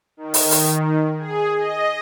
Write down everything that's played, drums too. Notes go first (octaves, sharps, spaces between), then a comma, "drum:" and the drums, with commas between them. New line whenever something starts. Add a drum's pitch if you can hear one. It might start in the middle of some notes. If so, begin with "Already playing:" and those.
D#3
drum: open hi-hat
drum: open hi-hat
G#4
D#5